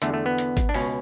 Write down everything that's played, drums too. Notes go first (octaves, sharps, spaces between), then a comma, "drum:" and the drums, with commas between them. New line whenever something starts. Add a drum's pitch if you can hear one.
E2 D3 A3, drum: hi-hat
A3
B3
drum: hi-hat
drum: kick G#1, hi-hat
D4
C#2 B2 C#4, drum: open hi-hat